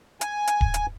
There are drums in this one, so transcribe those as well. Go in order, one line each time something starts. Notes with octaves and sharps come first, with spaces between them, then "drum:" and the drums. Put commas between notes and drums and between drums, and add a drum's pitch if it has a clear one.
G#5, drum: hi-hat
drum: hi-hat
drum: kick D1
drum: hi-hat